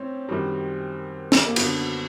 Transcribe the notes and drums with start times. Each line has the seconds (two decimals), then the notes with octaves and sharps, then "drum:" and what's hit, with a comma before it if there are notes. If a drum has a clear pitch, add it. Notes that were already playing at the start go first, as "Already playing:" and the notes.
Already playing: A2 C4 C#4
0.29 F#2 D#3 G3
1.32 drum: snare
1.46 A#3
1.56 F#2 D3 F#3 B3, drum: cymbal